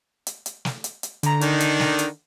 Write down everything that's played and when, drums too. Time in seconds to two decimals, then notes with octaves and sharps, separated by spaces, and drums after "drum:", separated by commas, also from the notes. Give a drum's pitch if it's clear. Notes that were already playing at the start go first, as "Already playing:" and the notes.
0.27 drum: hi-hat
0.46 drum: hi-hat
0.65 drum: snare
0.84 drum: hi-hat
1.03 drum: hi-hat
1.23 D3 A#5, drum: hi-hat
1.41 D#3 D4 D#4, drum: hi-hat
1.60 drum: hi-hat
1.80 drum: snare
1.99 drum: hi-hat